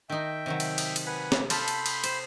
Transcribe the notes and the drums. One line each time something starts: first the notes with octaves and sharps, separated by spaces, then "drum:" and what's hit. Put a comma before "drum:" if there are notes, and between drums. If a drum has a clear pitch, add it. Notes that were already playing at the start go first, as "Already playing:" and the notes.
D#3 D#4 E5 G5
C3 D#3 F#3
drum: cymbal
drum: cymbal
drum: cymbal
B4 F#5 G#5
drum: snare
F4 A4 B5 C6 G6, drum: cymbal
drum: cymbal
drum: cymbal
C5, drum: cymbal